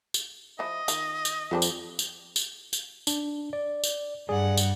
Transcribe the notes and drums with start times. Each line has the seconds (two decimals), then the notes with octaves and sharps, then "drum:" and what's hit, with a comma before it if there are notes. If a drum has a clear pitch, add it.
0.14 drum: tambourine
0.59 F3 E4 D#5
0.88 D#3 F4, drum: tambourine
1.25 drum: tambourine
1.51 F2 G3 C4 D4
1.62 drum: tambourine
1.99 drum: tambourine
2.36 drum: tambourine
2.73 drum: tambourine
3.07 D4, drum: tambourine
3.53 D5
3.84 drum: tambourine
4.29 G2 G#4 D5 F#5
4.57 drum: tambourine